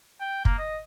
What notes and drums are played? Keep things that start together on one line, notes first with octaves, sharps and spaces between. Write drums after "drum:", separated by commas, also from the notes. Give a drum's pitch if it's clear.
G5
A#3, drum: kick
D#5